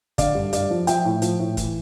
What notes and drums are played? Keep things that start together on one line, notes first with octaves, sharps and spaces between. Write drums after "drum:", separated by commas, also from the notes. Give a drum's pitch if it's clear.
D3 D5 F5, drum: kick, hi-hat
G2
G2 D5 F5, drum: hi-hat
F3
F3 E5 G5, drum: hi-hat
A2
F3, drum: hi-hat
A2
E3, drum: kick, hi-hat